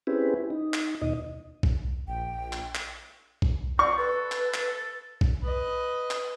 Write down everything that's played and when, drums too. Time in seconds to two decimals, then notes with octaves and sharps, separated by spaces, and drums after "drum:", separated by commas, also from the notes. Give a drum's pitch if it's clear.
0.07 C4 C#4 E4 G4 G#4 B4
0.50 D#4
0.74 drum: clap
1.02 D#2 B2 D#4 D#5
1.63 drum: kick B1
2.08 A#1 G5
2.53 drum: clap
2.75 drum: clap
3.42 drum: kick B1
3.79 C4 D5 C#6
3.98 A4 B4
4.32 drum: clap
4.54 drum: clap
5.21 drum: kick B1
5.44 B4 D#5
6.11 drum: clap